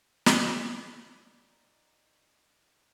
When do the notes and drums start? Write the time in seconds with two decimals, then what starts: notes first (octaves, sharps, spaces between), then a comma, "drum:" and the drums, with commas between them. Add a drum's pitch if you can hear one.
0.26 D4 D#4 F4 D5, drum: snare